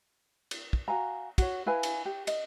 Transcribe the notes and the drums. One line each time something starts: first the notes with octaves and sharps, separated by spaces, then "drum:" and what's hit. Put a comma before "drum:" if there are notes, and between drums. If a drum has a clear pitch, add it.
drum: cymbal
drum: kick
F#4 F5 G#5 A#5
F#4 C#5, drum: kick, cymbal
E4 B4 F5 G#5
drum: cymbal
G4
D#5, drum: cymbal